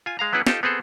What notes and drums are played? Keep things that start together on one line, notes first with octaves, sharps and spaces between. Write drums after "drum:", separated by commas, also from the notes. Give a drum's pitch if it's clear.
F4 G#5
G#3 F5 A#5
F#3 B3 C#4 E4 G#4 B4
D#4 F4 G4 A4, drum: snare
B3 C4 G#4 A4